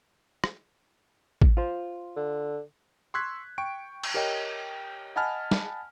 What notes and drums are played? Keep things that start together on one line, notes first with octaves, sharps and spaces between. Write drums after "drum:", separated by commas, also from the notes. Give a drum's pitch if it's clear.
drum: rim click
drum: kick A1
F4 C5
D3
C6 C#6 E6 F#6 G#6 B6
G5 C#6 D7
drum: cymbal
G4 A#4 C#5 D#5 G5
D#5 F#5 G#5 A5 B5 F6
drum: snare